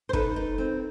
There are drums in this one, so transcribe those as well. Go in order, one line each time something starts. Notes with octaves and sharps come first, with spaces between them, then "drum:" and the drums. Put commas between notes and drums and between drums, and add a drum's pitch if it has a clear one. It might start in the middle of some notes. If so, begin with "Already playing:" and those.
C5
D#4 A4 B4, drum: kick
D#4
C4